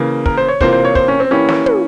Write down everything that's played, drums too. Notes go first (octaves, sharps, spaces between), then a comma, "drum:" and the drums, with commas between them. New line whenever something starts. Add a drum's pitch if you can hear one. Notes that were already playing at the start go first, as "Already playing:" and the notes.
Already playing: C#3 E3 A#3
A#4, drum: kick
C5
C#5
C3 E3 A#3 F4 C5, drum: kick
C5
C#5
C5, drum: kick
C#4
C4
E3 A#3 C#4 E4 G4
drum: snare
drum: tom